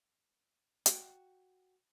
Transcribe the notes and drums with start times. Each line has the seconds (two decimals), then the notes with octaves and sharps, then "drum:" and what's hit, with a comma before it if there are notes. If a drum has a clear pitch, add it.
0.86 F#4 G5, drum: hi-hat